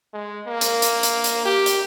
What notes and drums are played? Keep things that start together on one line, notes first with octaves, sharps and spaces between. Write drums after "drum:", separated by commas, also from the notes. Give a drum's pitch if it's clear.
G#3
A#3
drum: hi-hat
drum: hi-hat
drum: hi-hat
drum: hi-hat
G4
drum: hi-hat